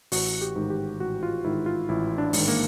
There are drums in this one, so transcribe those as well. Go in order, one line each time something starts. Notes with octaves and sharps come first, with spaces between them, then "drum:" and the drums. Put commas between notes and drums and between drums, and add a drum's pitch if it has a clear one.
A1 F#4, drum: open hi-hat
G4
G#2 D#3
G4
A1 F#4
F4
G#2 D#3 E4
F4
A1 E4
D4
G#2 D#3, drum: open hi-hat
A#3